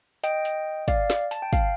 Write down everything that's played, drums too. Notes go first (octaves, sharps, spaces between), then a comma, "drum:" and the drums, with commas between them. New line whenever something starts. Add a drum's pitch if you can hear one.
D#5 G5, drum: hi-hat
drum: hi-hat
D5 F5, drum: kick, hi-hat
drum: snare
A5, drum: hi-hat
G5
F5, drum: kick, hi-hat